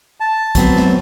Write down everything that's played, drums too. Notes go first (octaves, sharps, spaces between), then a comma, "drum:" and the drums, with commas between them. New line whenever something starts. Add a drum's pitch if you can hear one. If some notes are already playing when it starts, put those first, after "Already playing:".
A5
F#3 B3 C4, drum: kick, hi-hat
drum: snare